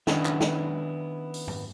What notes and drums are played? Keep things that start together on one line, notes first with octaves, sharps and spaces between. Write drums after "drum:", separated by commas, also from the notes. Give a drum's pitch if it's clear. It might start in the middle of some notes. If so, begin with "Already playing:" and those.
D#3 B3 C#4 D4 E4, drum: snare
drum: clap
drum: snare
drum: open hi-hat
drum: tom G#2